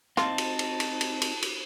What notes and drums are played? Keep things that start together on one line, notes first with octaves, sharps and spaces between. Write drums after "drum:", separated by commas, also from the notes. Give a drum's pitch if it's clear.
C4 D#4 F4 A5, drum: rim click
drum: cymbal
drum: cymbal
drum: cymbal
drum: cymbal
drum: cymbal
drum: cymbal